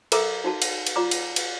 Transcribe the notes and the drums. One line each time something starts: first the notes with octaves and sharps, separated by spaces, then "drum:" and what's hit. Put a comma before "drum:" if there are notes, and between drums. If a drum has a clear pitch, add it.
A4 A#4 E5 A#5 D6, drum: cymbal
D#4 F#4 A5
drum: cymbal
drum: cymbal
F4 D5 A#5 D6
drum: cymbal
drum: cymbal